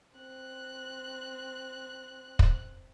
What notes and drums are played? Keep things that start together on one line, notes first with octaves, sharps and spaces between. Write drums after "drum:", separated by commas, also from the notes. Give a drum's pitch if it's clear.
C4 F#6
drum: kick